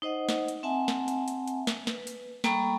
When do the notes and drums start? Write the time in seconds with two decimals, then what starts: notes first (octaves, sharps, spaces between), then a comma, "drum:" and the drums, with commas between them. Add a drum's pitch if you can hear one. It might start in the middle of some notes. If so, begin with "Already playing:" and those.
0.02 D#4 C5 D#5 F#5
0.29 drum: snare
0.48 drum: hi-hat
0.63 C4 E5 F#5 G#5 A5
0.88 drum: snare
1.08 drum: hi-hat
1.28 drum: hi-hat
1.47 drum: hi-hat
1.67 drum: snare
1.87 B4, drum: snare
2.07 drum: hi-hat
2.44 G3 A#3 A4 A#5 B5 C#6, drum: snare